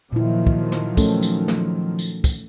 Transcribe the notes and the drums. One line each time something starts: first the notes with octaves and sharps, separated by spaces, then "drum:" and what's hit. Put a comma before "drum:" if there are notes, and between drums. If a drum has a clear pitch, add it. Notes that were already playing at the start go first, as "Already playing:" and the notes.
A#2 D#3 F3 F#3 E4
drum: kick
drum: snare
A3 C#4 A4, drum: kick, tambourine
drum: tambourine
drum: snare
drum: tambourine
drum: kick, tambourine